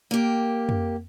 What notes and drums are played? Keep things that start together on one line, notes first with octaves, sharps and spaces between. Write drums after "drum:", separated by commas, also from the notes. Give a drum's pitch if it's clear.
A#3 G4
drum: tom